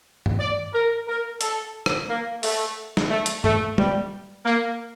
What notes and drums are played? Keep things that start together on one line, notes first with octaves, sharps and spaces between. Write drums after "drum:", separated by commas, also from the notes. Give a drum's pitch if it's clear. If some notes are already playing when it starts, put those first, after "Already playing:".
drum: tom G2
D5
A#4
A#4
A4, drum: hi-hat
drum: rim click
A#3
A3, drum: open hi-hat
drum: snare
A3
drum: hi-hat
A3, drum: tom G2
G3, drum: tom G3
A#3